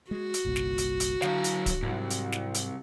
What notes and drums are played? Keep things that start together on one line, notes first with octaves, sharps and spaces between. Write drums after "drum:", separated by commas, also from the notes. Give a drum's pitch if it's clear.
G#3 F#4
drum: hi-hat
G1 C2 A#2
drum: snare
drum: hi-hat
drum: hi-hat
D3 F#3 F5, drum: snare
drum: hi-hat
drum: kick D1, hi-hat
C2 G#2 F#3
drum: hi-hat
drum: snare
drum: hi-hat